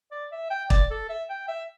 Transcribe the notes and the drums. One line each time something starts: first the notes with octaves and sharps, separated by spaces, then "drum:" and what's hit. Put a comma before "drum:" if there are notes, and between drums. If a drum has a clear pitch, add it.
D5
E5
G5
D5, drum: kick
A4
E5
G5
E5